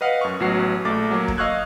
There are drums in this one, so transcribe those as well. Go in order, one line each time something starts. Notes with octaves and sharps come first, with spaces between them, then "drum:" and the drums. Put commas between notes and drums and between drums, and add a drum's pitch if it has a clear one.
B4 D#5 F5 F#5
F#2 C#6
A1 B2 F#3 F#4 C7
A#1 A3 D6 A6
F#3 A#3
drum: kick
D#5 F5 C#6 E6 F#6 G#6